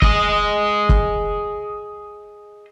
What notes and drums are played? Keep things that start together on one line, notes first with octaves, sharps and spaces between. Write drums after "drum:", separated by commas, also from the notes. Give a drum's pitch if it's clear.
G#4 D#5, drum: kick
drum: kick